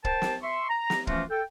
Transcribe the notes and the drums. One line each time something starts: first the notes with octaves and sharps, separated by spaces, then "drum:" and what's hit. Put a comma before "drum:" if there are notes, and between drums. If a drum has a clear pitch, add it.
A#4 C5 G5 A5, drum: kick
drum: snare
E5 C6 C#6
A#5
drum: snare
E3 F3 A3 C#4 F4 F#4, drum: kick
A4 G5